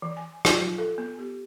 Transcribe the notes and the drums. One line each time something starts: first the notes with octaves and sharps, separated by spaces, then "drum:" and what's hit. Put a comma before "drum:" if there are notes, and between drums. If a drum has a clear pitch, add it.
E3
G#5
F4, drum: rim click
A4
B3
G4